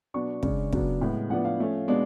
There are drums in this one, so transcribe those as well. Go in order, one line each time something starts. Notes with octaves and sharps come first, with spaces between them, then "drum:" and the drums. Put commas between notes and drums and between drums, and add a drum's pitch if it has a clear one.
B2 F#3 B3 D4 C#6
C#3 G#3 D4, drum: kick
C#3 F#3 B3 D4, drum: kick
A2 G#3 B3
A2 F3 B3 D4 F#5
F5
F3 A3 C#4
B2 G#3 B3 D4